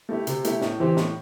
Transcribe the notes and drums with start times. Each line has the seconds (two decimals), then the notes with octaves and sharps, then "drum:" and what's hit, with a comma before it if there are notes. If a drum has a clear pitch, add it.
0.09 A3 E4 G4
0.27 C3, drum: hi-hat
0.45 A3 E4 G4, drum: hi-hat
0.61 A2, drum: snare
0.80 E3 C4 G4
0.97 A2, drum: snare